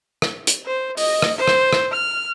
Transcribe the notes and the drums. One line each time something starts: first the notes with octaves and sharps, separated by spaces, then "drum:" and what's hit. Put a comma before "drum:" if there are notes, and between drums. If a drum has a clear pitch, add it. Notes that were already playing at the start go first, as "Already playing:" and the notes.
drum: rim click
drum: hi-hat
C5
D#5, drum: open hi-hat
drum: rim click
C5
drum: rim click
drum: rim click
F6